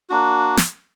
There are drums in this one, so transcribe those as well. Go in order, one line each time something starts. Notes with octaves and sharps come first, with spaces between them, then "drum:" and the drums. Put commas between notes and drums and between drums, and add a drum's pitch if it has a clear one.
A#3 D4 F#4
drum: snare